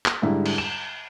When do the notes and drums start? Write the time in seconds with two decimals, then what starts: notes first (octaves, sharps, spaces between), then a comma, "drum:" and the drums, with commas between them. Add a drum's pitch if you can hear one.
0.06 drum: clap
0.22 G#2 D3 G3 E4
0.46 drum: cymbal
0.58 E7